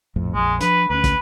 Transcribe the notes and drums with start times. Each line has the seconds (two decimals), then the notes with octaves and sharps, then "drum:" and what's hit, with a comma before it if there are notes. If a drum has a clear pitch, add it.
0.16 A#1 F2 A2
0.34 A#1 F2 G#3
0.61 F3 D4 B4, drum: hi-hat
0.90 D2 C#4 B4
1.04 drum: kick, hi-hat